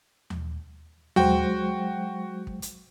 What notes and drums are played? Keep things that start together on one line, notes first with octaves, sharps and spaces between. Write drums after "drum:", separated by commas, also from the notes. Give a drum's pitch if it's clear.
drum: tom D#2
F#3 G#3 F#4 C5 G5, drum: tom D#2
drum: kick
drum: hi-hat